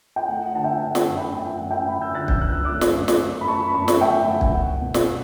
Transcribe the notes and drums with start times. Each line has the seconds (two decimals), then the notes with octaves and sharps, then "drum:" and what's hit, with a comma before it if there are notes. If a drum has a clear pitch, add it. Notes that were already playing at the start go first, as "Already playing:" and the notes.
0.16 G5
0.28 A3 F#5
0.46 F#5
0.55 D3 A5
0.64 E5 G5
0.77 E5
0.82 D3 F#5
0.95 drum: snare
1.08 F#2
1.17 G5 B5
1.35 A3 E5 G5
1.53 F#5
1.61 F#2
1.70 E5 G5
1.88 F#2 G5 B5
2.01 E6 G6
2.15 D3 F#6 A6
2.28 E6 G6, drum: kick
2.41 F#2 F#6
2.53 E6
2.65 A3 D6 F#6
2.81 drum: snare
2.94 F#2
3.08 drum: snare
3.21 F#2
3.41 B5
3.48 A3 A5 C#6
3.67 B5
3.74 F#2 A5 C#6
3.88 drum: snare
4.01 A3 E5 G5
4.28 F#2 F#5
4.41 drum: kick
4.54 B3 F#5
4.81 B2
4.94 drum: snare
5.08 B2